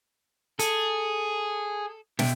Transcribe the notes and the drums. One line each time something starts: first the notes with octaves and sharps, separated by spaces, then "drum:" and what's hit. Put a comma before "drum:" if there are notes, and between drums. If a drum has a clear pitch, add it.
G#4 A4, drum: hi-hat
B2 E5 G5, drum: snare